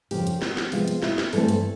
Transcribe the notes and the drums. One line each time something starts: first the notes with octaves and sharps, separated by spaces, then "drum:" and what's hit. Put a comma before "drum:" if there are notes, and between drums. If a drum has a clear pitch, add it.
F2 C#3 F3 A#3 G4, drum: open hi-hat
drum: hi-hat
F#4, drum: snare
drum: snare
C3 F3 G#3 B3 F4, drum: open hi-hat
drum: hi-hat
E4, drum: snare
drum: snare
G2 E3 A3 C4 A4, drum: open hi-hat
drum: hi-hat